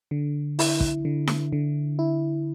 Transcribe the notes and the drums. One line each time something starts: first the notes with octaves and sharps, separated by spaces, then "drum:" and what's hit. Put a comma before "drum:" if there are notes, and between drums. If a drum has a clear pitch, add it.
D3
E4, drum: open hi-hat
drum: kick
D3
drum: snare E4
D3
E4